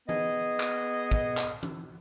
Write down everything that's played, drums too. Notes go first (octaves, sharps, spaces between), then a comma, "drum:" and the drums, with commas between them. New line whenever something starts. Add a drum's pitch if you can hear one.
B3 G#4 D#5, drum: tom E3
drum: clap
drum: kick
drum: clap
drum: tom E3